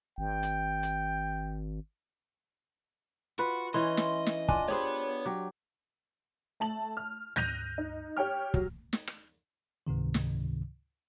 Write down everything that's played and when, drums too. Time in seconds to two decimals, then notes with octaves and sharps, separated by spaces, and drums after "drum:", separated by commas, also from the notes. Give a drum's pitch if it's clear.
0.18 G#1 G5
0.43 drum: hi-hat
0.83 drum: hi-hat
3.39 F4 F#4 B4
3.74 E3 C#4 D#5 C6
3.97 drum: snare
4.26 drum: snare
4.48 D4 F4 G#5, drum: kick
4.68 B3 G4 G#4 C5 C#5 B5
5.25 F#3 G4
6.60 A3 A5 F#7
6.97 F6
7.36 F#6 G6 A#6 D#7 F7, drum: tom
7.78 D#4
8.17 G4 C#5 G5 F6
8.54 F#3, drum: kick
8.93 drum: snare
9.07 drum: rim click
9.87 C#2 G#2 C3 D#3
10.14 drum: snare